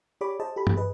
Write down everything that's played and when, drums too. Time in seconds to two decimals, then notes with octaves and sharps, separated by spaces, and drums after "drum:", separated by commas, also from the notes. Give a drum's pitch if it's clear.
0.21 G4 G#4 C#5 D5 B5 D6
0.40 G#4 C5 D#5 A5
0.56 G4 A4 B5
0.67 drum: tom G2
0.77 G#4 B4 D#5